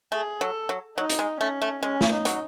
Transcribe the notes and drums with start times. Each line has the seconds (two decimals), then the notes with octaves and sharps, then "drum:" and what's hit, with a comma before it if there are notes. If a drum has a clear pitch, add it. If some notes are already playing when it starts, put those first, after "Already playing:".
0.12 A3 G#4
0.41 F#3 A4
0.69 F#3
0.98 F#3 D#4
1.10 drum: hi-hat
1.19 G#3
1.40 A3 C#4
1.62 A3
1.83 G#3 C#4
2.01 drum: snare
2.11 D#4
2.25 F#3, drum: hi-hat